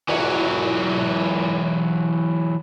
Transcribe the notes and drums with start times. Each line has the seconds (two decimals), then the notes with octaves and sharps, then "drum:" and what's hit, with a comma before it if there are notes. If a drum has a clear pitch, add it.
0.09 E3 F#3, drum: cymbal